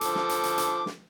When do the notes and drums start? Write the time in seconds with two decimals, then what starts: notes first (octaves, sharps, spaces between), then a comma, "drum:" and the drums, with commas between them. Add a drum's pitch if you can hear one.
0.01 F3 A4 D6, drum: hi-hat
0.15 drum: snare
0.29 drum: hi-hat
0.43 drum: hi-hat
0.58 drum: hi-hat
0.86 drum: snare